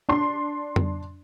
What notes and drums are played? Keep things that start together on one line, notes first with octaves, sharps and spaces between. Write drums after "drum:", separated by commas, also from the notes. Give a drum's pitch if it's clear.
D4 C6
drum: tom F2